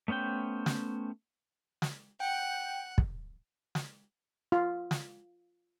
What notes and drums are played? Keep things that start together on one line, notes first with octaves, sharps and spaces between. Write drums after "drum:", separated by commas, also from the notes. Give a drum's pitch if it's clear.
A3 B3 C#4 C5 G5
drum: snare
drum: snare
F#5 G5
drum: kick
drum: snare
F4
drum: snare